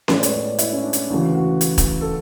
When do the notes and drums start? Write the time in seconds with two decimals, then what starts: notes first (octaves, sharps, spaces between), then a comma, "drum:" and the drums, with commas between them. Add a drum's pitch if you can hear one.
0.08 A2 G#3 B3 D5, drum: snare C#4
0.23 C#5, drum: hi-hat
0.34 D5
0.59 E4, drum: hi-hat
0.73 C#4
0.84 D4
0.93 drum: hi-hat
1.10 D2 C#3 E3 F#4
1.35 F#4
1.61 drum: hi-hat
1.78 drum: kick, hi-hat
2.01 A4